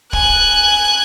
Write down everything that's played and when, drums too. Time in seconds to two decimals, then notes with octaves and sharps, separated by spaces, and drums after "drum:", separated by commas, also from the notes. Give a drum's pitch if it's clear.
0.13 G#5 F#6, drum: kick